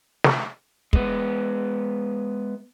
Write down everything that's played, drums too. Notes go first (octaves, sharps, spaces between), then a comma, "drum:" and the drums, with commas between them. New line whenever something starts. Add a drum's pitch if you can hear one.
drum: snare
G#3 B3, drum: kick